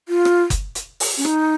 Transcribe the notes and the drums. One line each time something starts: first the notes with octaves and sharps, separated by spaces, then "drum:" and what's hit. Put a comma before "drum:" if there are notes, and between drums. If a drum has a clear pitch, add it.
F4
drum: rim click
drum: kick F#1, hi-hat
drum: hi-hat
drum: open hi-hat
C#4
D#4, drum: rim click